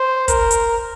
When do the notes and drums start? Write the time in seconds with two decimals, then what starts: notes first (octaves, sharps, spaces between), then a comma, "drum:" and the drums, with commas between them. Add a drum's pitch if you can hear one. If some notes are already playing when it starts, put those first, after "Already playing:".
Already playing: C5
0.28 A#4, drum: kick, hi-hat
0.51 drum: hi-hat